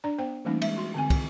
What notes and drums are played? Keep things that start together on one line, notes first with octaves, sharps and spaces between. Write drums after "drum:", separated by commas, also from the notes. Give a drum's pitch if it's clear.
D4 D5 A#5
B3 C5 G5
E3 G3 A3 A#3 C#4 D#4
G#3 E5, drum: cymbal
F#4 C6
D3 C4 G#5
drum: kick, cymbal